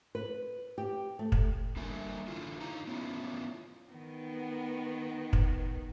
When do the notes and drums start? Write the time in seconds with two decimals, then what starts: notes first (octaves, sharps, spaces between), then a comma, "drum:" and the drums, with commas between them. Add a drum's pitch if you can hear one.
0.15 B4
0.78 G4
1.19 A3
1.32 drum: kick
1.77 D3 G3 A#3 A#4 E5 G#5
2.28 D3 E4 F4
2.61 D3 D#4 F5 A#5
2.88 B3 C#4 E4 F4
3.92 D#3 B3
5.33 drum: kick